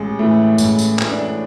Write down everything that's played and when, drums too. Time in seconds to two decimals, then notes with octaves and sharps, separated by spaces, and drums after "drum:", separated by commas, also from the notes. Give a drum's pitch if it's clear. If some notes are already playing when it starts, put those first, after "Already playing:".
Already playing: A1 G#3
0.19 A2 E3 A3
0.58 A1 G#3, drum: tambourine
0.79 drum: tambourine
0.99 A2 E3, drum: clap
1.12 D4